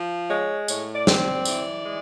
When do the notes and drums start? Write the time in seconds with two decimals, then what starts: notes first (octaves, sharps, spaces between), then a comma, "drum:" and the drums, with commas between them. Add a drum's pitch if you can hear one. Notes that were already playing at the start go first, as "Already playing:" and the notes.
Already playing: F3
0.29 G#3 C#5
0.68 A2 C#5, drum: tambourine
0.94 D5
1.07 C4, drum: snare
1.20 D5
1.45 E3, drum: tambourine
1.84 G#3